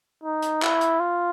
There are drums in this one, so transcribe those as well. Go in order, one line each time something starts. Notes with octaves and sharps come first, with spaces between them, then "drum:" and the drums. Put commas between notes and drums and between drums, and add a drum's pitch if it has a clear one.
D#4
drum: hi-hat
E4, drum: clap
drum: hi-hat
F4